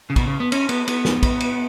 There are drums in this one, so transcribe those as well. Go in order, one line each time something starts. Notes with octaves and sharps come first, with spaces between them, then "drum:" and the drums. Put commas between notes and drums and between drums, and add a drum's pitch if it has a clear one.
C#3
B2, drum: kick, cymbal
C#3
B3
C#4, drum: cymbal
B3, drum: cymbal
B3, drum: cymbal
drum: snare
drum: kick, cymbal
drum: cymbal